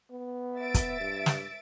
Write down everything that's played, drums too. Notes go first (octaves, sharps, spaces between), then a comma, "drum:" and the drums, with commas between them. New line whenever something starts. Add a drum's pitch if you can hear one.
B3
E5 A6 D7
drum: kick, hi-hat
G2
drum: snare